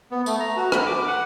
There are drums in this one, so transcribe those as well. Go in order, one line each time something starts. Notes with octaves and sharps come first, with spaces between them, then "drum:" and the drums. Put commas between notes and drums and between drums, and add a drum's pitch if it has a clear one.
B3
A3, drum: tambourine
A#5
F#4
B5, drum: rim click
D6
F#5